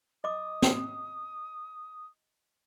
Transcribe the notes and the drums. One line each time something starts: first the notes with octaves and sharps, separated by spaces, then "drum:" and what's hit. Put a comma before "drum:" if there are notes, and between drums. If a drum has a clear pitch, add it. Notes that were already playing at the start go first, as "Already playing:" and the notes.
D#5 D6 D#6
drum: snare